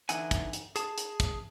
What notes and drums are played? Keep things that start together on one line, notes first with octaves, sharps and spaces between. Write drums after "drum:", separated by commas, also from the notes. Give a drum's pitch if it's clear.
D3 E3 D#4 E4 F#5 G#5, drum: hi-hat
drum: kick, hi-hat
drum: hi-hat
G#4 A5, drum: hi-hat
drum: hi-hat
drum: kick, hi-hat